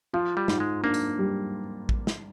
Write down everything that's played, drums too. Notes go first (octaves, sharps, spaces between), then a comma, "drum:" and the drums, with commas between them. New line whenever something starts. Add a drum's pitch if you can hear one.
F3 F4
G3
G#2, drum: snare
G#3
A#3 D4
drum: tambourine
G3
drum: kick
drum: snare